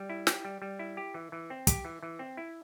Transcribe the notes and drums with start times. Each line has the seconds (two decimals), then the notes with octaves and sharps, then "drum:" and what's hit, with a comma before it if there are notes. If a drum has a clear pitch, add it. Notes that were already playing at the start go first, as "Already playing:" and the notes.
Already playing: G3
0.10 E4
0.27 G4, drum: snare
0.45 G3
0.62 G3
0.79 E4
0.97 G4
1.14 E3
1.32 E3
1.50 C4
1.67 G4, drum: kick, hi-hat
1.85 E3
2.03 E3
2.19 C4
2.37 E4